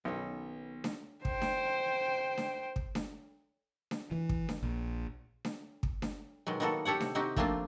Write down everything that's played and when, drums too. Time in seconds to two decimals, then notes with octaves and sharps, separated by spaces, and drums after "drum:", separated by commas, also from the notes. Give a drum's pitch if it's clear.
0.05 B1 D#3 F#3 B3 C#4
0.84 drum: snare D4
1.25 C5 G5, drum: kick
1.42 drum: snare D4
2.37 drum: snare D4
2.76 drum: kick
2.95 drum: snare D4
3.91 drum: snare D4
4.12 E3
4.29 drum: kick
4.49 drum: snare D4
4.62 A#1
5.45 drum: snare D4
5.83 drum: kick
6.02 drum: snare D4
6.47 B2 D#3 F#3 G#3
6.60 D#3 A#3 B3 F#4 A4
6.85 G4 A4 C#5 F#5
7.00 C3, drum: snare D4
7.15 C4 D#4 F#4 G4
7.36 F3 A3 A#3 C4 D4 F4, drum: kick